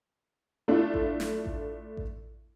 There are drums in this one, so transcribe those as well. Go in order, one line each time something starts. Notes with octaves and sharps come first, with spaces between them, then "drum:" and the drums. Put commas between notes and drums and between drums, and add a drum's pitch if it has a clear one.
A3 D4 E4 F4
drum: kick A1
drum: snare
drum: kick A1
drum: kick A1